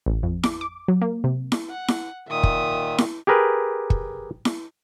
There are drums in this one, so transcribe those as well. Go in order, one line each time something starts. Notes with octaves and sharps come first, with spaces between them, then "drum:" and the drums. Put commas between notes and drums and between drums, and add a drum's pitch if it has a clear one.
A1
F2
D6, drum: snare E4
D6
F#3
A#3
C3
drum: snare E4
F#5
drum: snare E4
A#2 D#3 E5 D#6
drum: kick
drum: snare E4
G4 G#4 A#4 B4
drum: kick
drum: snare E4